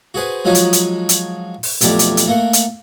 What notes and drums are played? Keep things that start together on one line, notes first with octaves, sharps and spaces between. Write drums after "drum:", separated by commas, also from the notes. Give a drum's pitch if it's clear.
F#4 G#4 B4 C5
F3 F#3 G#3 C#4 D#4 F#4
drum: hi-hat
drum: hi-hat
drum: hi-hat
drum: open hi-hat
B1 F2 A3 G4 D5, drum: hi-hat
drum: hi-hat
drum: hi-hat
A3 A#3 A#4 F#5
drum: hi-hat